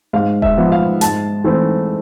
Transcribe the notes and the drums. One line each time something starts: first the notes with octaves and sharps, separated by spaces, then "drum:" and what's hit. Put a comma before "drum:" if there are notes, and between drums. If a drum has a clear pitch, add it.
G#2 F5
E5, drum: kick E1
F3 B3
F5
G#2 A5, drum: hi-hat
E3 A3 C4